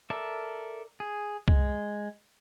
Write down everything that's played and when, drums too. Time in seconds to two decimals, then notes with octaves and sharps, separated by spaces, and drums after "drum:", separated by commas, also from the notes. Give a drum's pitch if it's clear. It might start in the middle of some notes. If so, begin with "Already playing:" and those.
0.10 A4 A#4 D5 E5
1.00 G#4
1.48 G#3, drum: kick